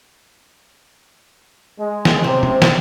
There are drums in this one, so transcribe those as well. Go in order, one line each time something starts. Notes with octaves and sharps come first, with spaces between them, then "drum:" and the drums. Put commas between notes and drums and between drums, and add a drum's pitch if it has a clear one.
G#3
drum: snare
C3 C4
drum: tom
drum: snare